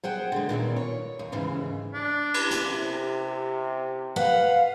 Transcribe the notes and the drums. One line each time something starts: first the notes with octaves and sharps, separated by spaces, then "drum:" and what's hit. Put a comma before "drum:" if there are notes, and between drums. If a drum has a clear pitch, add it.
G#4 C5 F#5 G5
D3 G#3
E2 G2 A#2 D#3
C#5
D#2
D#2 G#2 C#3 E3
D4
drum: cymbal
drum: hi-hat
C3
B4 F5 F#5